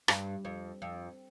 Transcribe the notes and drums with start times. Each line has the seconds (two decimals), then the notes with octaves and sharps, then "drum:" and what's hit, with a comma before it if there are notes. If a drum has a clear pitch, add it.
0.08 G2, drum: rim click
0.45 F2
0.82 F2